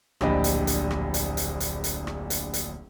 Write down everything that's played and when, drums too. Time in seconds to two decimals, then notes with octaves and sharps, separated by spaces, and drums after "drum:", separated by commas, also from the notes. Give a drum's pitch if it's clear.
0.21 D1 A#1 D4 G4 D#5 B5, drum: rim click
0.44 drum: hi-hat
0.67 drum: hi-hat
0.91 drum: rim click
1.14 drum: hi-hat
1.37 drum: hi-hat
1.60 drum: hi-hat
1.84 drum: hi-hat
2.07 drum: rim click
2.30 drum: hi-hat
2.54 drum: hi-hat